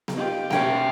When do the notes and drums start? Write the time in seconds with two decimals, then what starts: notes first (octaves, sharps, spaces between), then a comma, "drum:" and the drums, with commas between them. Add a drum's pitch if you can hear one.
0.08 drum: snare B3
0.17 D#4 F4 G4
0.51 A#3 C#4 E5 G5, drum: snare B3